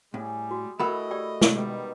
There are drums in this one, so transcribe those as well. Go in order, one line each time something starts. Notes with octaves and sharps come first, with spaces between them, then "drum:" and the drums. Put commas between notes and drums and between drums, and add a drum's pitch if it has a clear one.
A2 G3 G#4
F#4
A3 E4 F#4 A#4 D#5 F#5 B5
G4 D5 G5
drum: snare
B2 D#3 G3